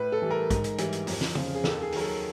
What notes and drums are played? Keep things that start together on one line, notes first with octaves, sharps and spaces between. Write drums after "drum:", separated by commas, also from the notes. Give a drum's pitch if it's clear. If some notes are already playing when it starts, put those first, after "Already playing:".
Already playing: A2 B4
A4
E3 G3
A#4
G#2, drum: kick, hi-hat
drum: hi-hat
E3 G3, drum: hi-hat
drum: hi-hat
F2, drum: open hi-hat
drum: snare
C#3 F3, drum: tom
G#4
D#2 A4, drum: snare
G#4
D#3 F#3 A#4, drum: open hi-hat
A4